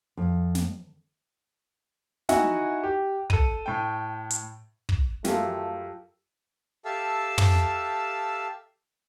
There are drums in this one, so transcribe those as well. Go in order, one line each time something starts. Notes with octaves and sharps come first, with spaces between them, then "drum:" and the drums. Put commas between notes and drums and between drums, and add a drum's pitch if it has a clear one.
F2
drum: snare
D#4 E4 F#4 E5 F#5 G#5, drum: snare
G4
A4 D#7, drum: kick
A2 G5
drum: hi-hat
drum: kick
F#2 A3 F4 G4 A4, drum: snare
G4 A4 E5 F5 A5 E6
drum: tom